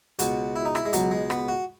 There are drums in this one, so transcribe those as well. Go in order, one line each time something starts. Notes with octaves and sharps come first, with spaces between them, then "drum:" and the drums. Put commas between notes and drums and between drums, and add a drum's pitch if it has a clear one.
C#2 B2 F#4, drum: hi-hat
E4
D#4
E4, drum: rim click
G#3
C#2 B2 F#3, drum: hi-hat
G#3
B3, drum: rim click
F#4